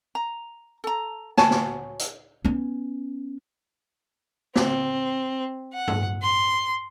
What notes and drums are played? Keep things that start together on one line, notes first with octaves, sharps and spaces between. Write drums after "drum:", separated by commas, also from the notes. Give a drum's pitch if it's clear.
A#5
A4 A#5
F#4 C#5 G#5 A5, drum: snare
drum: snare
drum: hi-hat
B3 C#4
C4, drum: snare
F#5
drum: tom G2
C6